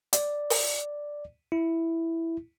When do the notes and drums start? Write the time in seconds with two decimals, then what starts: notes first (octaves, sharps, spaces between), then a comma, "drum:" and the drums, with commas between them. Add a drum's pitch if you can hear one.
0.13 D5, drum: hi-hat
0.50 drum: open hi-hat
1.52 E4